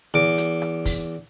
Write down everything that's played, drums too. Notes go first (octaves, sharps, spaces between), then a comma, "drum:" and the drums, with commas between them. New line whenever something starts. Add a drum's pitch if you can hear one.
E2 D6
drum: hi-hat
drum: rim click
drum: kick, open hi-hat